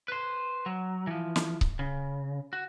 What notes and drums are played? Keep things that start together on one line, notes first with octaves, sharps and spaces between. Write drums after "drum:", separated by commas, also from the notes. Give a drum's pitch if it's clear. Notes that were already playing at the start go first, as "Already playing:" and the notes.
B4 C5
F#3
E3 F3
drum: snare
drum: kick C#1
C#3
F#4